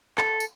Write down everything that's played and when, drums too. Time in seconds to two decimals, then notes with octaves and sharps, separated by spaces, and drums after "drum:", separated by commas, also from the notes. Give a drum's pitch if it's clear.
0.18 A4, drum: clap
0.40 drum: tambourine